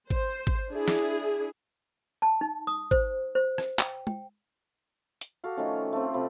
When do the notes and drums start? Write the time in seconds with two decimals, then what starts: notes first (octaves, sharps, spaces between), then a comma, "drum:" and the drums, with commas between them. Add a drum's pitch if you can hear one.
0.10 C5, drum: kick
0.47 drum: kick
0.71 D4 E4 G#4
0.88 drum: snare
2.22 A5
2.41 D#4
2.67 D#6
2.91 C5, drum: kick
3.35 C5
3.58 drum: rim click
3.79 G5, drum: clap
4.07 G5, drum: tom
5.21 drum: hi-hat
5.44 F#4 G4 A4 F5
5.57 D#3 F3 A3 C#4
5.92 A3 C4
6.13 C3 F3 B5